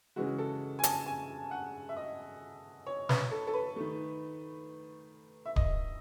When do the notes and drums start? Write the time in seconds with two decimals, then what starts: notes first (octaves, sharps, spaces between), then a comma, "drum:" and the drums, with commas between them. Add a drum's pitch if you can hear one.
0.16 C#3 E3 G#3 F#4
0.38 A4
0.79 G#5
0.83 A5, drum: hi-hat
1.06 G#5
1.51 F#5
1.89 E5
1.97 D#5
2.86 C#5
3.09 B4, drum: snare
3.31 A4
3.47 A4
3.54 B4
3.76 D#3 A3
5.46 E5
5.56 D#5, drum: kick D1